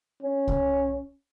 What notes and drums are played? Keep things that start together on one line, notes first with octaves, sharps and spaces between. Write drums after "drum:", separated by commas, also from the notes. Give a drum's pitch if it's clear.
C#4
drum: kick C2